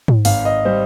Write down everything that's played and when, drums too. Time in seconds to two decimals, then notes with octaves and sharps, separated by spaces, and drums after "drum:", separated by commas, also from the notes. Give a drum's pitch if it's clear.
0.08 drum: tom G#2
0.25 G#1 F5, drum: open hi-hat
0.45 D#5
0.65 G3 C5